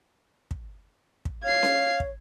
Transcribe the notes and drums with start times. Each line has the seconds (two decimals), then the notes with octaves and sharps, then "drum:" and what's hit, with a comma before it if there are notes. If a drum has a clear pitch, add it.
0.51 drum: kick
1.25 drum: kick
1.44 C#5 F5 G#6 C7
1.63 drum: snare C#4
2.00 drum: kick